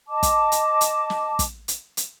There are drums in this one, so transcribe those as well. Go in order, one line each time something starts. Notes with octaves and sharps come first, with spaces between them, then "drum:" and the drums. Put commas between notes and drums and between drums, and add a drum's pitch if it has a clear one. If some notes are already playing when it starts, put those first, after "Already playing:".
D#5 A5 D6
drum: kick, hi-hat
drum: hi-hat
drum: hi-hat
drum: snare
drum: kick, hi-hat
drum: hi-hat
drum: hi-hat